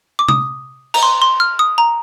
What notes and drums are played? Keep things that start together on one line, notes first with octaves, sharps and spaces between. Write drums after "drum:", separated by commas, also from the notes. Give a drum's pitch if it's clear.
D6
D#6, drum: tom C3
A#5, drum: cymbal
C6
C6
F6
D#6
A#5